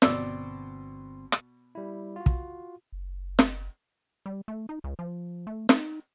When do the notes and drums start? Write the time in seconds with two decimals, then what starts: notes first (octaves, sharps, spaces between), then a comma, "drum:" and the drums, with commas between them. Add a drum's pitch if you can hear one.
0.02 G1 B2 C4 D5 C6 E6, drum: snare
1.32 drum: rim click
1.75 G3 E4
2.16 F4 F#4
2.26 drum: kick
2.92 F#1
3.39 drum: snare
4.26 G3
4.48 A3
4.69 D#4
4.84 C#2
4.99 F3
5.47 A3
5.69 D#4, drum: snare